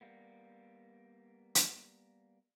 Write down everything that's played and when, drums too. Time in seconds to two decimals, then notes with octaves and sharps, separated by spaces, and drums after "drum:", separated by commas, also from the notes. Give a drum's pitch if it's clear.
0.01 G3 A#3 B3
1.55 drum: hi-hat